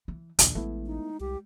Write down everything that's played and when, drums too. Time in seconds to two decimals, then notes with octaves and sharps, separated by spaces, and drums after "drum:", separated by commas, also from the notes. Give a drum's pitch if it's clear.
0.08 E3
0.39 A#1 D#2 D4, drum: hi-hat
0.55 A1 G#3 A3 B3 E4
0.86 D#4
1.20 C2 G4